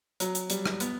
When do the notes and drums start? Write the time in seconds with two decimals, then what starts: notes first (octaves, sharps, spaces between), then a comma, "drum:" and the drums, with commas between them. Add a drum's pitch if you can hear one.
0.20 F#3, drum: hi-hat
0.35 drum: hi-hat
0.50 G3, drum: hi-hat
0.66 drum: rim click
0.80 B3, drum: hi-hat